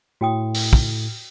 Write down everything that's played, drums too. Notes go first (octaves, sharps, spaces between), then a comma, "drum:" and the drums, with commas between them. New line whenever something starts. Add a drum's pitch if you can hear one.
A2 F#4 G5 D#6
drum: open hi-hat
drum: kick